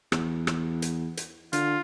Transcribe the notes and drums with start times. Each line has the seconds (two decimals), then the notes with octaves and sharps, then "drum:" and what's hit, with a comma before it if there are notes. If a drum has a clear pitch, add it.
0.12 E2, drum: rim click
0.47 drum: rim click
0.82 drum: hi-hat
1.17 drum: hi-hat
1.53 D3 F4, drum: hi-hat